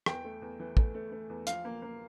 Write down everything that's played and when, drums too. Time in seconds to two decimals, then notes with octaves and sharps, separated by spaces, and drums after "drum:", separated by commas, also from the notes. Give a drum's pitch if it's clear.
0.06 E2 G5, drum: rim click
0.24 A3
0.42 E2
0.60 E3
0.77 A3, drum: kick
0.94 A3
1.12 A3
1.30 E2
1.47 F3 F5, drum: hi-hat
1.65 A#3
1.82 A#3